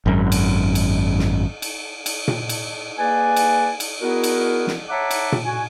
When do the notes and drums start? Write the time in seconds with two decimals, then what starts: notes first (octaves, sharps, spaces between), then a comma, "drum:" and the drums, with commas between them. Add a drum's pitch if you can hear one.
0.06 G#1 F#2
0.32 drum: cymbal
0.75 drum: cymbal
1.19 drum: snare
1.62 drum: cymbal
2.06 drum: cymbal
2.28 drum: tom A#2
2.49 drum: cymbal
2.98 A#3 G#4 B4 D5 G#5
3.36 drum: cymbal
3.80 drum: cymbal
4.02 B3 E4 F#4 G#4 A#4
4.24 drum: cymbal
4.67 drum: snare
4.89 C#5 E5 F#5 A5 A#5 D6
5.11 drum: cymbal
5.32 drum: tom A#2
5.44 F#4 G#5